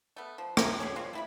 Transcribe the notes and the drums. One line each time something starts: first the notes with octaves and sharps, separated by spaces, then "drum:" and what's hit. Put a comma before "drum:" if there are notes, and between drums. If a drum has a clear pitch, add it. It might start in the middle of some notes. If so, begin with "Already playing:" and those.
A3 B3
F3
E4 A#4 G#5, drum: rim click
C#4 G#4 C#5 G#5
C4 F4 C#5
A3 E4 B5